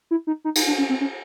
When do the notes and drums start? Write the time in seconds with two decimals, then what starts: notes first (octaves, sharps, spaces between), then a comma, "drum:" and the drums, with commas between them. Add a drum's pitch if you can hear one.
0.11 E4
0.27 D#4
0.45 D#4
0.55 D#4, drum: cymbal
0.67 D4
0.78 C#4
0.89 C4
1.01 C#4